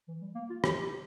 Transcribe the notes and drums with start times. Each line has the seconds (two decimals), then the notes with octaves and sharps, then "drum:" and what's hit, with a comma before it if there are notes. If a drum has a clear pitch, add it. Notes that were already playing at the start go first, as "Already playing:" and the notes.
0.08 E3
0.22 G3
0.35 A#3
0.50 F4
0.64 G4, drum: rim click
0.81 G4